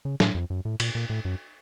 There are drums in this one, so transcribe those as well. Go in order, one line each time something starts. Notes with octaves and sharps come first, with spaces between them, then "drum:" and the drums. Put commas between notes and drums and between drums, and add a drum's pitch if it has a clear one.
C#3
A2, drum: snare
F2
F#2
A2
A#2, drum: cymbal
A#2
A2
F#2